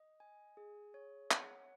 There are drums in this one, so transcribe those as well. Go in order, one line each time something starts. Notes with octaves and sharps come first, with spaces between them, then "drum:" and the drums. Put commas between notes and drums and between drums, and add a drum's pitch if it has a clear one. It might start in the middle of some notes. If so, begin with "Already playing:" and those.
Already playing: D#5
G#5
G#4
C#5
F#5, drum: clap